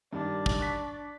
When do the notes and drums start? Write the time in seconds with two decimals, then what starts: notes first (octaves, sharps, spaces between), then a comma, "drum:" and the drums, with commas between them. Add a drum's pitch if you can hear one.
0.13 G2 D#3 D4
0.46 drum: kick
0.58 C#6 F#6 B6